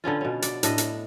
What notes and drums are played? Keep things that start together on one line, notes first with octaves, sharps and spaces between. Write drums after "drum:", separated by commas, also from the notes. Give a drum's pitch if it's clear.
D3 B3 C#4 F4
B2 C#4
D5, drum: hi-hat
A2 D4 D#5, drum: hi-hat
drum: hi-hat